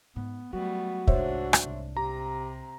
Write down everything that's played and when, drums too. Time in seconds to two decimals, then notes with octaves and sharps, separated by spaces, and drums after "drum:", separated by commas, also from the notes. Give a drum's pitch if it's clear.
0.16 G#2 B3
0.53 F#3 G3 A3 B3 F#4
1.07 C2 G#2 D4 C5 C#5 E5, drum: kick
1.53 drum: rim click
1.64 C2
1.97 C3 G4 A#5